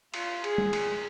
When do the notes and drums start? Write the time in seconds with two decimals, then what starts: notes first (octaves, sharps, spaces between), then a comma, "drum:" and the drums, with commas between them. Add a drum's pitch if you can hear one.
0.14 F4, drum: cymbal
0.44 G#4, drum: cymbal
0.58 drum: tom
0.73 drum: cymbal